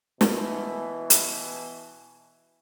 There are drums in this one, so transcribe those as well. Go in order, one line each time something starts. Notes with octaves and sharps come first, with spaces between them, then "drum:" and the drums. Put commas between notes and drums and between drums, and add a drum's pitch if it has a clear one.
B2 E3, drum: snare
drum: hi-hat